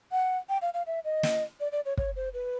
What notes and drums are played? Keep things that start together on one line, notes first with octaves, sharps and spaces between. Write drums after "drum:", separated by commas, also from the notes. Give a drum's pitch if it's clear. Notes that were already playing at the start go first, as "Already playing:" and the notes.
F#5
G5
F5
F5
E5
D#5
drum: snare
D5
D5
C#5
C#5, drum: kick
C5
B4